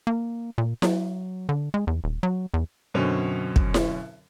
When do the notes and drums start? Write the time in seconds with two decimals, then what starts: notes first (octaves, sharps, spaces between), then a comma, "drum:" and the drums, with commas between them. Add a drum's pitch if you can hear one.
0.07 A#3
0.58 A#2
0.82 F#3, drum: snare E4
1.49 D3
1.74 G#3
1.87 E2
2.04 D#1
2.23 F#3
2.54 E2
2.94 F#2 B2 D3 C4 C#4
3.56 drum: kick
3.74 drum: snare E4